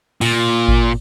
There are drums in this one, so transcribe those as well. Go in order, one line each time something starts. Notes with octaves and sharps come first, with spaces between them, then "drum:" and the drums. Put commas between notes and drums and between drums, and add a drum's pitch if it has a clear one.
A#2, drum: cymbal
drum: kick G#1